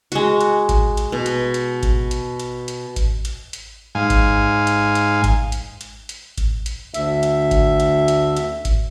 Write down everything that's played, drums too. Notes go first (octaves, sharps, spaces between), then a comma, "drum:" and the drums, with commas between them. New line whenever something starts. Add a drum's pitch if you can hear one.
G#3 F#4, drum: hi-hat
drum: hi-hat
drum: kick G#1, hi-hat
drum: hi-hat
B2
drum: hi-hat
drum: hi-hat
drum: kick G#1, hi-hat
drum: hi-hat
drum: hi-hat
drum: hi-hat
drum: kick G#1, hi-hat
drum: hi-hat
drum: hi-hat
G#2 F5 G#5
drum: kick G#1, hi-hat
drum: hi-hat
drum: hi-hat
drum: kick G#1, hi-hat
drum: hi-hat
drum: hi-hat
drum: hi-hat
drum: kick G#1, hi-hat
drum: hi-hat
D2 E5, drum: hi-hat
drum: hi-hat
drum: kick G#1, hi-hat
drum: hi-hat
drum: hi-hat
drum: hi-hat
drum: kick G#1, hi-hat